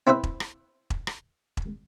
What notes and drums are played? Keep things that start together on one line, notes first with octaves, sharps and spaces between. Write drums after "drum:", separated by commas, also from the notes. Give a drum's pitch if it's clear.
C4 E4 B4 C5 E5
drum: kick E1
drum: rim click
drum: kick E1
drum: rim click
drum: kick E1